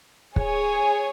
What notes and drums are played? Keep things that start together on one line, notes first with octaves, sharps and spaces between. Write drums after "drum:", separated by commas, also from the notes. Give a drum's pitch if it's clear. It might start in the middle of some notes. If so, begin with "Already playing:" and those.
G#4 C#5 G#5, drum: kick